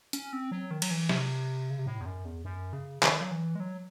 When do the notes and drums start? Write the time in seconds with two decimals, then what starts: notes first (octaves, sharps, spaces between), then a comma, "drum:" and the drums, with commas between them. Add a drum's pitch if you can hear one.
0.13 C#4, drum: hi-hat
0.33 C4
0.51 F#3
0.71 D#3
0.82 F#3, drum: cymbal
0.91 E3
1.09 C3, drum: snare
1.70 C#3
1.79 C3
1.86 A2
2.01 E2
2.06 F#2
2.25 E2
2.45 F#2
2.73 C#3
3.03 D#3, drum: clap
3.21 F#3
3.31 E3
3.55 G#3
3.60 F#3